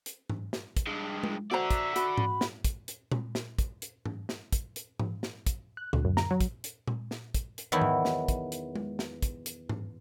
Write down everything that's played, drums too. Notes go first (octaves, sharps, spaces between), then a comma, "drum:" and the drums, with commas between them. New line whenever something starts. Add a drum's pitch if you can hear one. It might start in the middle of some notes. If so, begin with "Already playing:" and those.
drum: hi-hat
drum: tom G#2
drum: snare
drum: kick, hi-hat
G2 G#3
drum: tom G#3
F#4 C5 D5 E5 F#5 A#5
drum: kick, hi-hat
F#4 B5, drum: hi-hat
drum: tom G#2
drum: snare
drum: kick, hi-hat
drum: hi-hat
drum: tom A#2
drum: snare
drum: kick, hi-hat
drum: hi-hat
drum: tom G#2
drum: snare
drum: kick, hi-hat
drum: hi-hat
drum: tom G#2
drum: snare
drum: kick, hi-hat
F#6
D2, drum: tom A#2
F#2
A#5, drum: snare
F#3
drum: kick, hi-hat
drum: hi-hat
drum: tom A#2
drum: snare
drum: kick, hi-hat
drum: hi-hat
E2 D#3 E3 F#3 E4
drum: tom G#2
drum: snare
drum: kick, hi-hat
drum: hi-hat
drum: tom G#3
drum: snare
drum: kick, hi-hat
drum: hi-hat
drum: tom G#2